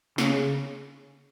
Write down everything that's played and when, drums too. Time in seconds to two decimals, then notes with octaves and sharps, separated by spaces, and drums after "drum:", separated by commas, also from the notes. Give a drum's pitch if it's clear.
0.18 C#3, drum: snare